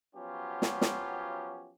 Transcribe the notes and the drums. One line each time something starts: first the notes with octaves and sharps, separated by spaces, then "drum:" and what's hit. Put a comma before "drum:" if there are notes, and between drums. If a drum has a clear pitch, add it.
F3 F#3 B3 C#4 F4 G4
drum: snare
drum: snare